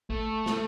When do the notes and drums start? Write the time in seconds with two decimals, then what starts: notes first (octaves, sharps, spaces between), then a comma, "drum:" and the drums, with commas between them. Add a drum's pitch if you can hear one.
0.10 A3, drum: kick
0.46 drum: snare